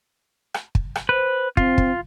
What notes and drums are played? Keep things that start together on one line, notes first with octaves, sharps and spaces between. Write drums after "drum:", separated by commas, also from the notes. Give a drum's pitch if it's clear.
drum: rim click
drum: kick
drum: rim click
B4 C5
C4 F4, drum: kick
drum: kick